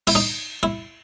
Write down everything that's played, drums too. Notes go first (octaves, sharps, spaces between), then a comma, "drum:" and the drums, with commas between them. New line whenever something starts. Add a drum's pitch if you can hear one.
E4, drum: cymbal
D#4
E4